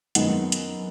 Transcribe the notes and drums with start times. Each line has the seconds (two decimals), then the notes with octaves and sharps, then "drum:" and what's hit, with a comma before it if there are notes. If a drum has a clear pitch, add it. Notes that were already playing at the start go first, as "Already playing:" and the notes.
0.15 F#2 D#3 G#3 B3 D#4 F#5, drum: hi-hat
0.52 drum: hi-hat